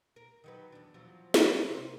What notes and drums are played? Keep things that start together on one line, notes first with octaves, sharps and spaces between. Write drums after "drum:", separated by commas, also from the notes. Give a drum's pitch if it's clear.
A#4
D#3 F#3 B4
E2 D4
E2 F3 F#3
drum: snare
C3 A#4 C5